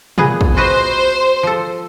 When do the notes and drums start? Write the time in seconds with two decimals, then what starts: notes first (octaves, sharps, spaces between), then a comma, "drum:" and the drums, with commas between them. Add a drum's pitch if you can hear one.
0.18 A#2 B3 G#4, drum: tom
0.41 drum: kick
0.57 F#4 B4 C5 D#5
1.43 F3 A4